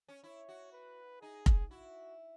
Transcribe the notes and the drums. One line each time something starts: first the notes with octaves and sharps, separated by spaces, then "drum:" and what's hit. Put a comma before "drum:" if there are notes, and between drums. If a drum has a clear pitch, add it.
C#4
E4 C#5
F#4
B4
D#4 G#4
drum: kick F1
E4 F#4